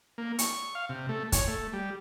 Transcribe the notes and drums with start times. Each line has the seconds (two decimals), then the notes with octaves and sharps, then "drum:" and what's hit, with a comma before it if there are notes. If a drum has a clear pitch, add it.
0.18 A#3
0.39 C#6, drum: hi-hat
0.75 F5
0.89 C3
1.09 A3
1.32 C#5, drum: kick, hi-hat
1.48 A3
1.73 G3